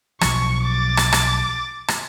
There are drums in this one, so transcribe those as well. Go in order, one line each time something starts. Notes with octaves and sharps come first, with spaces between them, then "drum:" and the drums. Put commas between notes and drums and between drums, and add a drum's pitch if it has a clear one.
B1 F3 C#6, drum: rim click
D6 A6
drum: rim click
drum: rim click
drum: rim click